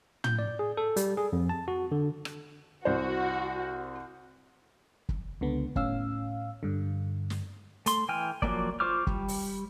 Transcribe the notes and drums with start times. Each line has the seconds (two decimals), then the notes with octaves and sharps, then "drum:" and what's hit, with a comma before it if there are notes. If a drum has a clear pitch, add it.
0.24 G6, drum: tom
0.39 D5
0.59 G#4
0.77 A4
0.96 G3, drum: hi-hat
1.17 G#4
1.33 F2
1.49 A5
1.68 F#4
1.92 D3
2.25 drum: rim click
2.85 C2 F#4 C5
5.09 drum: kick
5.41 C#2 D3 B3
5.76 A2 C#4 F5 E6, drum: kick
6.63 G2 D3
7.30 drum: snare
7.86 A3 C6, drum: hi-hat
8.09 E3 G5 G#5 F6
8.42 F3 F#3 A3 A#3 D5, drum: kick
8.80 F4 C5 C#6 D6 F6
9.07 G3, drum: kick
9.28 drum: open hi-hat